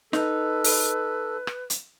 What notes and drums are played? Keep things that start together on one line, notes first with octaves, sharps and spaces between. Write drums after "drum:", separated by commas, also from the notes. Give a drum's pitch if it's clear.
D#4 A4 B4, drum: snare
drum: open hi-hat
drum: rim click
drum: hi-hat